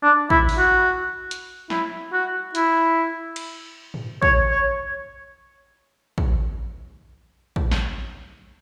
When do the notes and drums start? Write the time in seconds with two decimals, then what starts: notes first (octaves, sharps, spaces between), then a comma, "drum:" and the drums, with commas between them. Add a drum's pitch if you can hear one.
0.03 D4
0.30 E4, drum: kick
0.49 drum: open hi-hat
0.58 F#4
1.31 drum: hi-hat
1.70 E4, drum: snare
2.13 F#4
2.55 E4, drum: hi-hat
3.36 drum: cymbal
3.94 drum: tom
4.22 C#5, drum: kick
4.51 C#5
6.18 drum: kick
7.56 drum: kick
7.71 drum: snare